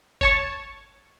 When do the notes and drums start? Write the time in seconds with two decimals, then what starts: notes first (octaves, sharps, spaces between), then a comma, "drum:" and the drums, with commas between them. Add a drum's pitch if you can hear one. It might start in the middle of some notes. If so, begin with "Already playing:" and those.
0.21 C#5 A5 C#6, drum: kick G1